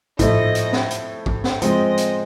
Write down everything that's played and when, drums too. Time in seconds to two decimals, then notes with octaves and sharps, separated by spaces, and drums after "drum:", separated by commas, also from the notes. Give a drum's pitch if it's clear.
0.19 A2 F3 A3 D#5, drum: kick, hi-hat
0.55 drum: hi-hat
0.73 drum: snare
0.90 drum: hi-hat
1.26 drum: kick
1.44 drum: snare
1.62 F3 G#3 C4 D#5, drum: hi-hat
1.97 drum: hi-hat